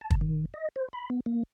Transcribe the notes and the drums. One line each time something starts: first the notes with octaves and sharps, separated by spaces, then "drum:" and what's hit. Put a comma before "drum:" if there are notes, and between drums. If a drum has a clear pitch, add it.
A5
drum: kick
D#3
D#5
C5
B5
B3
A#3